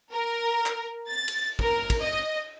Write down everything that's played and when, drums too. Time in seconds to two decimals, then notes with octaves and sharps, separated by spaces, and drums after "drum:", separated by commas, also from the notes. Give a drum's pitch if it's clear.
0.11 A#4
0.66 drum: clap
1.09 A6
1.28 drum: cymbal
1.59 A#4, drum: kick
1.90 drum: kick, cymbal
2.00 D#5